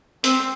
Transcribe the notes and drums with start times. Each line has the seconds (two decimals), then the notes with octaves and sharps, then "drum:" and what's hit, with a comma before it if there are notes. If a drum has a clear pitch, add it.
0.24 C4, drum: hi-hat